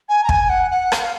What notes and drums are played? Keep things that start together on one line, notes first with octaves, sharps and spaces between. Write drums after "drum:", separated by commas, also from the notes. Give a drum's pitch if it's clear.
G#5
A#5
G#5, drum: kick
F#5
F#5
F5, drum: rim click
F5